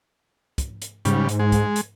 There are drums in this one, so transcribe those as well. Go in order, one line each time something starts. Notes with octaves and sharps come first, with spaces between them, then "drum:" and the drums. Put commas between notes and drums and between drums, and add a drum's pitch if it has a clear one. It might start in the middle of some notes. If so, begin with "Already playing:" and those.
drum: kick, hi-hat
drum: hi-hat
G#2 C#3 G3, drum: hi-hat
drum: hi-hat
G#3
drum: kick, hi-hat
drum: hi-hat